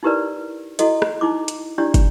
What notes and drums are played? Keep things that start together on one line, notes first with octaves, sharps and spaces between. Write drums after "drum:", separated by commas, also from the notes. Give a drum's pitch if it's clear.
D#4 E4 G4 A#4 B4 D5
E4 F#4 A4 D#5, drum: hi-hat
drum: rim click
D#4 E4 D6
drum: hi-hat
D4 E4 G4 D5
drum: kick, hi-hat